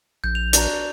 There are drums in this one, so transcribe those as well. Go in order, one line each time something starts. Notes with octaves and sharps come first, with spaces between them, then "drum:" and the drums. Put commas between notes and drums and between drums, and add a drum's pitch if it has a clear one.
A#1 G6
F7
D4 F#4 A#5, drum: hi-hat